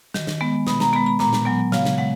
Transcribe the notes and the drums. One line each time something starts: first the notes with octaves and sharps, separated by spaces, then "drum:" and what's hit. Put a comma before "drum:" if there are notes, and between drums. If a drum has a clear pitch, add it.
D#3, drum: snare
drum: snare
G#3 B3
B2 B5, drum: snare
A#5, drum: snare
G#3 B3 B5
B5
A#2 A#5, drum: snare
drum: snare
F#3 B3 G#5
C#3 F5, drum: snare
drum: snare
G#3 F#5